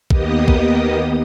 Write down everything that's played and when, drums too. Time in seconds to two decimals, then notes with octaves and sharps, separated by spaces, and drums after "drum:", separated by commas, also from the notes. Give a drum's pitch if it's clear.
0.10 D#2 A#3 B3 G4 D#5 D#6, drum: kick
0.48 drum: kick